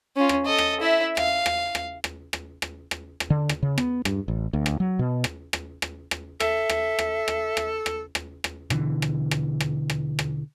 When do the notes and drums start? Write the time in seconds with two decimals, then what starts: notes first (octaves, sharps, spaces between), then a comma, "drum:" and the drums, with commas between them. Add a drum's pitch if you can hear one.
0.16 C#4 F4
0.29 drum: rim click
0.45 A4 D#5
0.58 drum: rim click
0.81 E4 E5
1.17 F5, drum: rim click
1.46 drum: rim click
1.75 drum: rim click
2.04 drum: rim click
2.33 drum: rim click
2.62 drum: rim click
2.91 drum: rim click
3.20 drum: rim click
3.30 D3
3.49 drum: rim click
3.63 C#3
3.78 B3, drum: rim click
4.05 G2, drum: rim click
4.28 A1
4.53 D2
4.66 drum: rim click
4.80 F#3
4.99 B2
5.24 drum: rim click
5.53 drum: rim click
5.82 drum: rim click
6.11 drum: rim click
6.40 A4 E5, drum: rim click
6.69 drum: rim click
6.99 drum: rim click
7.28 drum: rim click
7.57 drum: rim click
7.86 drum: rim click
8.15 drum: rim click
8.44 drum: rim click
8.70 B2 D3 E3, drum: rim click
9.02 drum: rim click
9.31 drum: rim click
9.60 drum: rim click
9.90 drum: rim click
10.19 drum: rim click